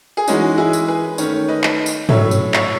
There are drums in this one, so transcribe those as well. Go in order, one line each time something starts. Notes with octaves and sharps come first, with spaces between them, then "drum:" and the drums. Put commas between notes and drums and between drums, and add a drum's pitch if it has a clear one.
G#4
E3 G#3 C#4 D#4 F#4, drum: tambourine
E4 G#4
drum: tambourine
G#4 B4
D#3 A3 C#4 A4 C#5, drum: tambourine
B4 D#5
drum: clap
drum: tambourine
A2 F#3 A3 C#4 C#5 E5, drum: tom
drum: tambourine
C#5 E5, drum: clap